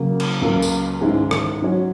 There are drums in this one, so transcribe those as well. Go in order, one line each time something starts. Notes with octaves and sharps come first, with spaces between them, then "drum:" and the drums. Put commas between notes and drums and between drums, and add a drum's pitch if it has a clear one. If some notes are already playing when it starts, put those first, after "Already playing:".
Already playing: C#3 F#3 A#3
drum: cymbal
C#2 C#3 F#3 A#3
drum: tambourine
G#2 D#3 G#3 C#4 E4
drum: rim click
F#3 C#4 F#4 C#5